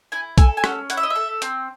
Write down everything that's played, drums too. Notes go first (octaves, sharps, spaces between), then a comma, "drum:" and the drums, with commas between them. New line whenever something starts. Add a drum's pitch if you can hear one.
E4 G#5
A4 G#5, drum: kick, hi-hat
G#5
C#4 F#5, drum: rim click
E4 F#5, drum: hi-hat
E5
D#5
E5
A4
C4, drum: hi-hat